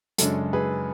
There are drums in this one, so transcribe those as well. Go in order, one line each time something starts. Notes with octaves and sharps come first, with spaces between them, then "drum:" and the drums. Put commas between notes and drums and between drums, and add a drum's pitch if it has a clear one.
F#2 C#3 G#3 D4 A4, drum: hi-hat
G#4 B4